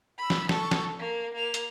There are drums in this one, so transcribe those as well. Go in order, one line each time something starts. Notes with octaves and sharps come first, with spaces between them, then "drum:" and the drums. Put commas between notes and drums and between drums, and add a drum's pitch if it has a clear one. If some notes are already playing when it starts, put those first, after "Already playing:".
B5 E6
drum: snare
A4 C#6, drum: snare
drum: snare
A#3
A#3 F7
drum: hi-hat